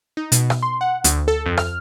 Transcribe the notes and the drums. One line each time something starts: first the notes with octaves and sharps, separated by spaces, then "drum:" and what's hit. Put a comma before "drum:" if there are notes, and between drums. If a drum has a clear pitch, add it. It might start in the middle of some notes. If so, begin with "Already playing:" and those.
D#4
B2, drum: hi-hat
drum: rim click
C6
F#5
D2, drum: hi-hat
A4
F2
F6, drum: rim click